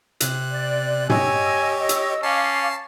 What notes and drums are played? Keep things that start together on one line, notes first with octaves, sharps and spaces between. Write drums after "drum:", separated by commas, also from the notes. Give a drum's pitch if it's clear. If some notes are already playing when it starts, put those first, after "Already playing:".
C3 F#6, drum: hi-hat
D5
G4 C#5 D#5 G#5 E6, drum: tom
drum: hi-hat
C#4 F5 A5 D6 C7